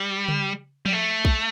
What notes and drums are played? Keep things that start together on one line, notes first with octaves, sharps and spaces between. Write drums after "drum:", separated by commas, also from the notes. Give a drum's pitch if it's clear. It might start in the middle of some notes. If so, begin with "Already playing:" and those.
Already playing: G3
drum: tom C#3
G3, drum: tom F3
A3
drum: kick A#1